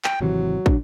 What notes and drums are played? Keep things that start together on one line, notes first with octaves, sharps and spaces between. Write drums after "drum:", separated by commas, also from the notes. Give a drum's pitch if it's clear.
G5, drum: clap
G#1 C3 E3 F#3
A#2 D4, drum: kick